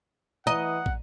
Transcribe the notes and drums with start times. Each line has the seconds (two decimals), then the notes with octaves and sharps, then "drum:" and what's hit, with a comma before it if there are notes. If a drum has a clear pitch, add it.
0.47 E3 D#5 F#5 A#5
0.86 drum: kick